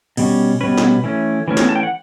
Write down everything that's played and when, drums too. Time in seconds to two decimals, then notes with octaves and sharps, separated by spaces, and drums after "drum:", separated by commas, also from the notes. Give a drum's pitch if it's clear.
0.17 B2 G3 C#4, drum: cymbal
0.61 B2 G3 C#4 B4
0.78 drum: snare
1.04 E3 A3 C#4
1.48 E3 A3 C#4
1.57 drum: snare
1.69 A5
1.75 G5
1.83 F#5